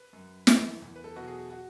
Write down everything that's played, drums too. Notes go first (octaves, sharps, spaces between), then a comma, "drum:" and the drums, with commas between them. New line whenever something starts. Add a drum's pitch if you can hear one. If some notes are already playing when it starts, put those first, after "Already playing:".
Already playing: B4
F#2
E3 A3, drum: snare
E2
B4
A4
B2 F#3 F#4
G#4
F#4